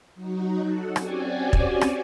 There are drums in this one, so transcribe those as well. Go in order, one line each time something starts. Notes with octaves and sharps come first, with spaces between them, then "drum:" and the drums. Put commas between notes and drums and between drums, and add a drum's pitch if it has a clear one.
F#3 D#4 F#4
A4 F#5
C4 C#4 F#4 G4 D5 G#5, drum: rim click
drum: kick
drum: rim click